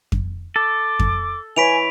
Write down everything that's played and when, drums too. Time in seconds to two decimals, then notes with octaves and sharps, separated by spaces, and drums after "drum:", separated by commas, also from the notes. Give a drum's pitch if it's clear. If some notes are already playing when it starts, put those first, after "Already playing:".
0.12 drum: kick F2
0.56 A4 D6
0.99 drum: kick F2
1.56 E3 B4 C#5 G#5 B6 D7 F7